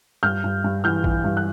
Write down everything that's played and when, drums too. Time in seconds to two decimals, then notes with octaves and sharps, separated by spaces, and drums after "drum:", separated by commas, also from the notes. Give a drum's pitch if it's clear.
0.23 G2 F6 G6
0.44 G2
0.64 G2
0.84 E3 F6 G6
1.04 E3, drum: kick A#1
1.24 G2
1.37 F#6